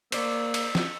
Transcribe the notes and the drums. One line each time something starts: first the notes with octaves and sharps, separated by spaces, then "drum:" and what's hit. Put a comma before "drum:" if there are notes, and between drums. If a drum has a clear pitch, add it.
A#3 C5 D5 E6, drum: cymbal
drum: cymbal
drum: snare